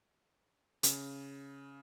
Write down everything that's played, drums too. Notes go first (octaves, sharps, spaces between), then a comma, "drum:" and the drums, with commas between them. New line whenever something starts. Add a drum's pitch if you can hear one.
C#3, drum: hi-hat